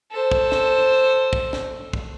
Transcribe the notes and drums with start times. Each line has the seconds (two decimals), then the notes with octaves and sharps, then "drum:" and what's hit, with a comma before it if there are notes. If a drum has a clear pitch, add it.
0.11 A4 C5
0.31 drum: kick
0.52 drum: snare
1.33 drum: kick
1.53 drum: snare
1.93 drum: kick